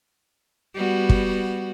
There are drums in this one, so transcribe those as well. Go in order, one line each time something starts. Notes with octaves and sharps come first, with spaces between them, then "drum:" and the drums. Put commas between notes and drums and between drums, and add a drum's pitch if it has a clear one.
G3 B3 F#4
drum: kick